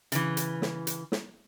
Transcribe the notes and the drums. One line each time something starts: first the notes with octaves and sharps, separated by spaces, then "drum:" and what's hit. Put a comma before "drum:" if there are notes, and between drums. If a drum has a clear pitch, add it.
C#3 E3, drum: hi-hat
drum: hi-hat
drum: snare
drum: hi-hat
drum: snare